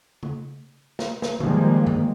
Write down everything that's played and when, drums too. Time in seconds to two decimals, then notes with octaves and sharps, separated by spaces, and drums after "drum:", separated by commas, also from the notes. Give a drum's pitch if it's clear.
0.23 drum: tom C#3
0.99 drum: snare
1.22 drum: snare
1.40 D#3 F3 G3 G#3 A#3, drum: tom C#3
1.87 drum: tom F#2